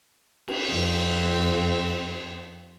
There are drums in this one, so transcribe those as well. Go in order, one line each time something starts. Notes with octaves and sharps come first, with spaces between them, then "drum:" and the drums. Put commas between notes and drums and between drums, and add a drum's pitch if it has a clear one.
drum: cymbal
F2 C4